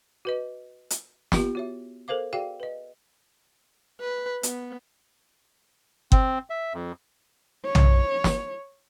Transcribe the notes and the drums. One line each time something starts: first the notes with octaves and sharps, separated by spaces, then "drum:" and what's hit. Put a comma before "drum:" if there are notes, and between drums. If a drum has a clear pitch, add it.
F#4 B4 D#5
drum: hi-hat
B3 F4 G4, drum: snare
F#4 C#5 E5
A4 A#4 C5 F5 D6
F#4 G#4 D5 F5 G5
B4 D#5
B4
B3, drum: hi-hat
C4, drum: kick G1
E5
F2
C#5
drum: tom B1
drum: snare